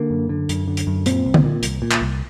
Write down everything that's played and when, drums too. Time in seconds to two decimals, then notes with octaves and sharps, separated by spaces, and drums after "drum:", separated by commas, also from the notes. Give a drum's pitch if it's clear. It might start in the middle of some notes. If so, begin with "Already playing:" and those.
Already playing: D3 A#3
0.10 F#2
0.29 D3
0.49 F#2, drum: hi-hat
0.68 D3
0.77 drum: hi-hat
0.87 F#2
1.06 A#2 C4, drum: hi-hat
1.25 C2
1.34 drum: tom D3
1.44 A#2
1.63 C2, drum: hi-hat
1.82 A#2
1.91 drum: clap
2.01 C2